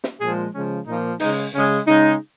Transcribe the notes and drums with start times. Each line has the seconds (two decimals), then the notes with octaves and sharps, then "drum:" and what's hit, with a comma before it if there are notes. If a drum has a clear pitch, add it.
0.04 drum: snare
0.20 A#2 F3 G#3 G#4
0.53 C#3 F3 G#3 C#4
0.87 A#2 F3 A#3 D#4
1.20 C#3 G#3 D#4, drum: open hi-hat
1.53 C#3 G#3 C#4
1.86 C#3 G#3 D#4